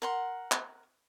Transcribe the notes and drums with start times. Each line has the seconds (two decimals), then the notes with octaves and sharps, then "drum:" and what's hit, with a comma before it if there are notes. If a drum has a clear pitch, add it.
0.02 A#4 F#5 C6
0.52 drum: clap